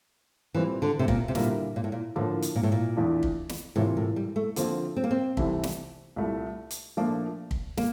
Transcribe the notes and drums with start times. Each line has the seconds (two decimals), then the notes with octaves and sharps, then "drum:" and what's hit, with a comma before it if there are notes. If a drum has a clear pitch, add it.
0.54 A#2 E3 G3 C4
0.82 D3
0.99 C3
1.08 A#2, drum: kick
1.28 C3
1.35 A#2 D3 G3 A#3 E4, drum: snare
1.76 A#2
1.84 A2
1.92 A#2
2.16 A2 D3 F3 A#3
2.42 drum: hi-hat
2.56 A#2
2.63 A2
2.72 A#2
2.97 E2 E3 A3 D4 F4
3.23 drum: kick
3.49 drum: snare
3.76 A2 C3 E3 A#3 F4
3.97 A2
4.16 G3
4.36 A3
4.56 D3 F3 A#3 C4 F4, drum: hi-hat
4.96 C4
5.04 A#3
5.11 C4
5.37 C2 C3 E3 A3 E4, drum: kick
5.63 drum: snare
6.16 C2 A#2 A3 E4
6.71 drum: hi-hat
6.97 A#2 F3 A3 A#3 D4
7.51 drum: kick
7.77 A#3, drum: snare